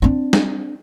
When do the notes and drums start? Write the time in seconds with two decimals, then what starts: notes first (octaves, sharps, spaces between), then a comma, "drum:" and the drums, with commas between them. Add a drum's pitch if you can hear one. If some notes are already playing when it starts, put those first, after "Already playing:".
0.02 C4 D4
0.33 drum: snare